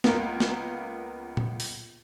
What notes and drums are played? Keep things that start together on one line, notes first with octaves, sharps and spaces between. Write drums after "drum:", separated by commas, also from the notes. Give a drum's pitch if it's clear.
C#2 A#3 B3, drum: snare
drum: snare
drum: tom A#2
drum: open hi-hat